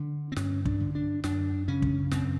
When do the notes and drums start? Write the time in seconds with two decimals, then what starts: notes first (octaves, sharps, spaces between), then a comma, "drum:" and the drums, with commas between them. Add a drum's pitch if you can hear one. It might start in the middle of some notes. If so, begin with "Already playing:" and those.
Already playing: D3 D4
0.32 C4
0.36 G2 C#4, drum: snare
0.65 D4, drum: kick
0.80 D3
0.95 D4
1.24 F#2 D4, drum: snare
1.68 C#3 C#4
1.82 drum: kick
2.11 F#2 C4, drum: snare